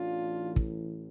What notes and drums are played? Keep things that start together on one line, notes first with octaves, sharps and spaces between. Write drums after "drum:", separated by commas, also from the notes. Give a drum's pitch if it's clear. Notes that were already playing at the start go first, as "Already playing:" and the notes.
Already playing: A1 A2 E3 D4 F4
drum: kick